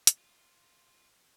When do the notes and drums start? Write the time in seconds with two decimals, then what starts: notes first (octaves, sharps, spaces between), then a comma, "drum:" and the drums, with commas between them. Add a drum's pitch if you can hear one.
0.07 drum: hi-hat
0.18 F4